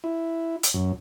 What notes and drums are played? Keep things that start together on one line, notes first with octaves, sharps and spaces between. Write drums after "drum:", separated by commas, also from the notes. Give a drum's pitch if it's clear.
E4
drum: hi-hat
F#2